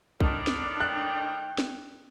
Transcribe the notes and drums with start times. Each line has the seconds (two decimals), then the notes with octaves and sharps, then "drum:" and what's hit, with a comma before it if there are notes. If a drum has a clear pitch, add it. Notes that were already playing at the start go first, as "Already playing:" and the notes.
0.20 A2 D#3 D4, drum: kick
0.47 drum: snare
0.80 G5 F#6
1.58 drum: snare